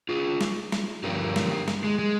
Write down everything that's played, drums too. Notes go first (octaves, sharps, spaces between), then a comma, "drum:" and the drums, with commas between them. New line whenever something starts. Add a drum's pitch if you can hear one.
F4 G#4
drum: snare
drum: snare
G2 D3 F3 G4 A#4
drum: snare
drum: snare
G#3
G#3